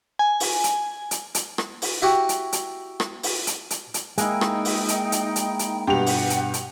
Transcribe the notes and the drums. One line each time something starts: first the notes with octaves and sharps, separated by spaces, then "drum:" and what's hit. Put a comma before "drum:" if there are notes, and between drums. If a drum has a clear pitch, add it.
G#5
drum: open hi-hat
drum: hi-hat
drum: hi-hat
drum: hi-hat
drum: rim click
drum: open hi-hat
E4 F#4 G4
drum: hi-hat
drum: hi-hat
drum: rim click
drum: open hi-hat
drum: hi-hat
drum: hi-hat
drum: hi-hat
G#3 A#3 D#4 E4 G5 G#5, drum: hi-hat
drum: rim click
drum: open hi-hat
drum: hi-hat
drum: hi-hat
drum: hi-hat
drum: hi-hat
G2 B2 G4 F#5 F7
drum: open hi-hat
drum: hi-hat
drum: hi-hat